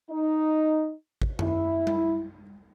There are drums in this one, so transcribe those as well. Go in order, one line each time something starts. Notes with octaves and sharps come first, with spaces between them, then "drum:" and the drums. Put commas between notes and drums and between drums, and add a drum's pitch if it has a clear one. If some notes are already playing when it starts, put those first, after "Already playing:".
D#4
drum: kick
E4, drum: tom F#2
drum: tom G3